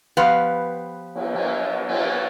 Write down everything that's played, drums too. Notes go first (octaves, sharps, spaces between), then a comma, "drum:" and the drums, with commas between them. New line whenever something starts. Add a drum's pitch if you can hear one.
F3 B3 G4 B4 F5
drum: cymbal
drum: cymbal
drum: cymbal